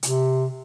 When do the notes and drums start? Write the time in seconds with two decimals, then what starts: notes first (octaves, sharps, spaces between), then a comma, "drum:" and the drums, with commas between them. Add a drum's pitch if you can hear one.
0.03 C3, drum: hi-hat